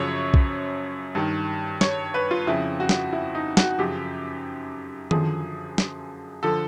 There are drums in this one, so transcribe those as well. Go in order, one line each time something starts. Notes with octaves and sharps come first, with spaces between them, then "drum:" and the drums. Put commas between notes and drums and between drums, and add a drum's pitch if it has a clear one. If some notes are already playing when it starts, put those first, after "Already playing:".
Already playing: F#2 C#3 F3 C#5
drum: kick
G2 D#3
C#5, drum: snare
B4
F4
F2 C#3 F3 E4
F#4
drum: snare
E4
D#4
F#4, drum: snare
F#2 C#3 F3 G4
F#2 D3 F3 G#4, drum: tom D#3
drum: snare
D3 F3 A4